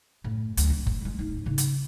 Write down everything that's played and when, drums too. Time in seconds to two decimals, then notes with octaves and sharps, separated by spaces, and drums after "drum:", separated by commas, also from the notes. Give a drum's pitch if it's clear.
0.24 F#2 A2
0.57 D2 F#3, drum: hi-hat
0.70 F2
0.87 drum: kick F#1
1.01 F3 G#3
1.19 D1 D#4
1.46 G#2 C#3
1.58 drum: hi-hat